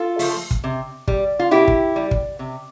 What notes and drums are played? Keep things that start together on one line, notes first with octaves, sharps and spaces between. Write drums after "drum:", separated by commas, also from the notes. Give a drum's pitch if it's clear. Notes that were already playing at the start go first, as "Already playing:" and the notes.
Already playing: F4 A4
F3 A3, drum: open hi-hat
drum: kick
C3
G3, drum: kick
F4
B2 E4 G4
drum: kick
G3
drum: kick
C3